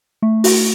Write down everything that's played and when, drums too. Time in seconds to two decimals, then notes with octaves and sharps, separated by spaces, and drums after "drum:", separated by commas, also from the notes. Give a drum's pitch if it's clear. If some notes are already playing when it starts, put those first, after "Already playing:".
0.22 A3
0.44 F#4, drum: open hi-hat